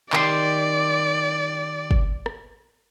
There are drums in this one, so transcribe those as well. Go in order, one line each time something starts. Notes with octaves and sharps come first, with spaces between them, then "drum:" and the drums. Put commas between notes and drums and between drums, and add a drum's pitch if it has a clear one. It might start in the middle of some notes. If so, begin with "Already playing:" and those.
D#3 G4 D5 C6, drum: clap
drum: kick
drum: rim click